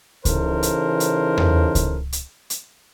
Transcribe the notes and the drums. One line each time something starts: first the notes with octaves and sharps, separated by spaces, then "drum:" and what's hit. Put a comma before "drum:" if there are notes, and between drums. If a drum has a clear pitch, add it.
C#3 E3 D#4 A4 A#4 C5, drum: kick C#2, hi-hat
drum: hi-hat
drum: hi-hat
drum: tom E2
drum: kick C#2, hi-hat
drum: hi-hat
drum: hi-hat